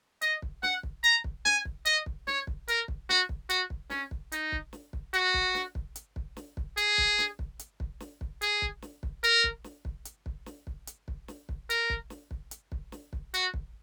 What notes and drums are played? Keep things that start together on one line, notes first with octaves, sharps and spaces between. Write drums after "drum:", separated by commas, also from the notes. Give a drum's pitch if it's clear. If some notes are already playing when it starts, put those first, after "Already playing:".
D#5, drum: hi-hat
drum: kick
F#5, drum: snare
drum: kick
A#5, drum: hi-hat
drum: kick
G#5, drum: snare
drum: kick
D#5, drum: hi-hat
drum: kick
C#5, drum: snare
drum: kick
A#4, drum: hi-hat
drum: kick
F#4, drum: snare
drum: kick
F#4, drum: hi-hat
drum: kick
C#4, drum: snare
drum: kick
D#4, drum: hi-hat
drum: kick
drum: snare
drum: kick
F#4, drum: hi-hat
drum: kick
drum: snare
drum: kick
drum: hi-hat
drum: kick
drum: snare
drum: kick
G#4, drum: hi-hat
drum: kick
drum: snare
drum: kick
drum: hi-hat
drum: kick
drum: snare
drum: kick
G#4, drum: hi-hat
drum: kick
drum: snare
drum: kick
A#4, drum: hi-hat
drum: kick
drum: snare
drum: kick
drum: hi-hat
drum: kick
drum: snare
drum: kick
drum: hi-hat
drum: kick
drum: snare
drum: kick
A#4, drum: hi-hat
drum: kick
drum: snare
drum: kick
drum: hi-hat
drum: kick
drum: snare
drum: kick
F#4, drum: hi-hat
drum: kick